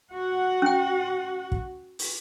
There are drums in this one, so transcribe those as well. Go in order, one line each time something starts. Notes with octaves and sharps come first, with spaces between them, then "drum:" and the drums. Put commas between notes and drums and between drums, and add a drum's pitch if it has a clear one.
F#4 F#5
C#4 G5
drum: kick
drum: open hi-hat